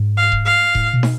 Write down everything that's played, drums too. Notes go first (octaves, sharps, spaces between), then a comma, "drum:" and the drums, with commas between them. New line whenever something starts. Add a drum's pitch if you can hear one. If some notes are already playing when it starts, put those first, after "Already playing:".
Already playing: G#2
F5
drum: kick D#1
F5
A2, drum: kick D#1
B2
drum: snare